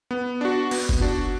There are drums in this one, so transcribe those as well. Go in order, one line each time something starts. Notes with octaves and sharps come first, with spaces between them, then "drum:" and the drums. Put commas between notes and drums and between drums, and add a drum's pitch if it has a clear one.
B3
D4 F#4
B3, drum: cymbal
drum: kick F#1
D4 F#4